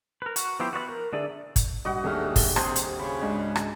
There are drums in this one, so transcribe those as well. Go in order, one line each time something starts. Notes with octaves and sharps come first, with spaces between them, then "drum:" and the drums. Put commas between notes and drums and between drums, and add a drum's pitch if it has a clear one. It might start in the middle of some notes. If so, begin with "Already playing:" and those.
A#4 B4
F#4, drum: hi-hat
F3 B3 E4 G4 C5
F#4 B4 D5 F#6
A#4
D3 D4 G#4 D5 E5
drum: kick, hi-hat
G2 F#4 D#5 F#5
D#1 G#2 A3 D4 F6
drum: kick, open hi-hat
C3 G#4 C5, drum: rim click
drum: hi-hat
C#3 B5
C#2 G#2 D4
drum: rim click